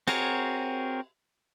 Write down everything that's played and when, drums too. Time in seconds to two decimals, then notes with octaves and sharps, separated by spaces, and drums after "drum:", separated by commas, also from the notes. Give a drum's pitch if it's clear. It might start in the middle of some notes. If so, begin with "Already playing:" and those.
0.08 C4 F#4 G#4 A#4 C#5, drum: cymbal